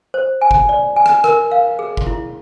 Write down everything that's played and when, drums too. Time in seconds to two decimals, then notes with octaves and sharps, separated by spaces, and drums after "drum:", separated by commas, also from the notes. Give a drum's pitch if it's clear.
0.14 C5
0.41 G#5
0.51 drum: kick F#1
0.69 D5
0.96 G#5
1.06 drum: rim click
1.24 A#4, drum: rim click
1.52 F5
1.79 G#4
1.97 drum: kick F#1
2.07 E4